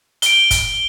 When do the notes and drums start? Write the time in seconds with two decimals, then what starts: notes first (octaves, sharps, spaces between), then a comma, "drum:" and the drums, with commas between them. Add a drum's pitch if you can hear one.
0.22 D7 G7, drum: hi-hat
0.51 drum: kick G1, hi-hat